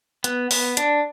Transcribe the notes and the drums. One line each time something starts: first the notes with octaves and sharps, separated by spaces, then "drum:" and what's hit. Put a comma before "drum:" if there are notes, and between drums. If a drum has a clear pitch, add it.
B3, drum: hi-hat
B3, drum: open hi-hat
D4, drum: hi-hat